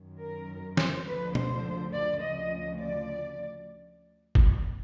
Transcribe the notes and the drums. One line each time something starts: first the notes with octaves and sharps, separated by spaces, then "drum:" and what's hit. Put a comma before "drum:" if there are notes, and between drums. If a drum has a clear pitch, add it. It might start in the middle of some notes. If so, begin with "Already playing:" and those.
Already playing: F#2 D#3
A#4
C5, drum: snare
D2 D3 F3 B4
C5, drum: tom
D5
D2 C#3 F3 D#5
D5
drum: kick